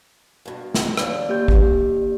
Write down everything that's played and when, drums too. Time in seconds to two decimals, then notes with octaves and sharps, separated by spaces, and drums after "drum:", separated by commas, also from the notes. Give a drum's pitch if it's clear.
0.45 G2 B2
0.74 drum: snare
0.97 D#2 D4 D5, drum: rim click
1.29 A#3 G4 G6
1.48 drum: kick